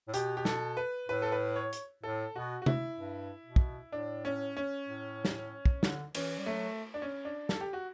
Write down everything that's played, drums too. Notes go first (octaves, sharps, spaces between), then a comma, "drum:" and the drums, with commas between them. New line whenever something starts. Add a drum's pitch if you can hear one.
A2
B2 G4, drum: hi-hat
G4
A4, drum: snare
B4
A2 B4
A4
B4
C#5
drum: hi-hat
A2 A4
B2 F#4
F#4
E4, drum: tom C3
G2
B2
drum: kick
A2 D4
C#4
C#4
A2
drum: snare
drum: kick
D3, drum: snare
E3 C#4, drum: cymbal
G3
F#3 A3
D4
C#4
D4
A4, drum: snare
G4
F#4